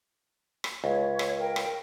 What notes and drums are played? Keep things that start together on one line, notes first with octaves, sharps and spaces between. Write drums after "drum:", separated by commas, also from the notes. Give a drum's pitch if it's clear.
drum: rim click
C#2 C#5
drum: rim click
A#4 G5
drum: rim click